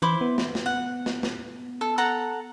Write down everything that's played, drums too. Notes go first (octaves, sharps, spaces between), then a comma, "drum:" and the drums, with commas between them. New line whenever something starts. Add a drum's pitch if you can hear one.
E3 E4 C5 D6
B3
drum: snare
drum: snare
F#5
drum: snare
drum: snare
A4
A4 F#5 A#5